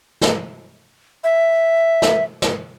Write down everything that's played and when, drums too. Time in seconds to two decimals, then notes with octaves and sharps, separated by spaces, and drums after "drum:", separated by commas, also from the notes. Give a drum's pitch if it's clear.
0.21 drum: snare
1.24 E5
2.02 drum: snare
2.42 drum: snare